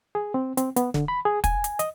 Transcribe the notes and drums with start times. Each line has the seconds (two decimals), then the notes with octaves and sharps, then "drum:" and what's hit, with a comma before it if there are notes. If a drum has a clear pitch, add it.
0.15 G#4
0.34 C4
0.57 C4, drum: hi-hat
0.76 B3, drum: hi-hat
0.94 D3, drum: snare
1.08 B5
1.25 G#4
1.44 G#5, drum: kick, hi-hat
1.64 drum: hi-hat
1.79 D#5, drum: hi-hat